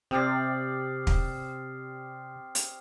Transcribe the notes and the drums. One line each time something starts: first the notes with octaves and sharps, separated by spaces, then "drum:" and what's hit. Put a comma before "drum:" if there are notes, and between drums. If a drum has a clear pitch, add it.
C3 C4 G4 D5 D#6 F6 C7
drum: kick
drum: hi-hat